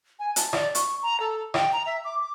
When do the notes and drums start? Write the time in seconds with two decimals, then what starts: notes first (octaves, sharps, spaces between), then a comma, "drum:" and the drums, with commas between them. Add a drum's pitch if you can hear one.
0.19 G#5
0.36 A5, drum: hi-hat
0.53 D5, drum: rim click
0.75 C#6, drum: hi-hat
1.02 A#5
1.20 A4
1.54 G5, drum: rim click
1.72 A#5
1.86 E5
2.04 D6
2.20 D6